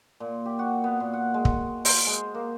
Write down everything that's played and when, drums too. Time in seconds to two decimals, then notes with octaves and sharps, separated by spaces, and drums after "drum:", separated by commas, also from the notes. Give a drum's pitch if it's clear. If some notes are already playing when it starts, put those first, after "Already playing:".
0.20 A#2
0.46 G4
0.59 F#4
0.84 B3
1.00 A#2
1.13 F#5
1.34 G#3
1.45 drum: kick
1.85 C5, drum: open hi-hat
2.07 G#3
2.35 A#3